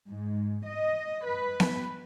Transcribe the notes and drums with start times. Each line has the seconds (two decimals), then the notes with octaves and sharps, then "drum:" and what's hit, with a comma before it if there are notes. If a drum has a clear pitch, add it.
0.10 G#2
0.67 D#5
1.26 B4
1.60 drum: snare B3